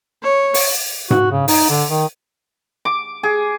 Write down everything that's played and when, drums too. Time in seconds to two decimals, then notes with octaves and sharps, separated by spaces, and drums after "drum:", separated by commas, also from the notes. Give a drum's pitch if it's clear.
0.23 C#5
0.54 drum: open hi-hat
1.10 F#4, drum: tom G#2
1.32 C#3
1.48 D#4, drum: open hi-hat
1.70 D3
1.90 D#3
2.85 D6
3.23 G#4